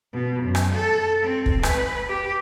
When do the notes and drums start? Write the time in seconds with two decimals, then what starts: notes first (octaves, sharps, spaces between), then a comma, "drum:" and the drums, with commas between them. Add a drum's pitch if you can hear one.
0.13 B2
0.44 F#2
0.55 drum: rim click
0.73 A4
1.22 C4
1.46 drum: kick
1.63 B4, drum: rim click
2.09 G4